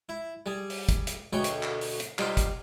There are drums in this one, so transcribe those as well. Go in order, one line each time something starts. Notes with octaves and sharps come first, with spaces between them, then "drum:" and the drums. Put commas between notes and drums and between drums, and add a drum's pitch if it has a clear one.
E4
G3 G#4
drum: open hi-hat
drum: kick, hi-hat
drum: hi-hat
D2 B2 G#4 C#5 G5 B5
drum: hi-hat
drum: clap
drum: open hi-hat
drum: hi-hat
G3 D#4 F4 C5, drum: clap
drum: kick, hi-hat